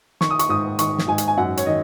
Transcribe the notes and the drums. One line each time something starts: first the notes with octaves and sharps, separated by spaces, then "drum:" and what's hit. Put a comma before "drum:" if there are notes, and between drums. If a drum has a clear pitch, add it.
D#3 C#6, drum: snare
D#6
C#6, drum: hi-hat
G#2 D#6
D#3 C#6, drum: hi-hat
drum: snare
G#2 G#5
drum: hi-hat
G#5
F#2 F#5
C#5, drum: hi-hat
D#3 D#5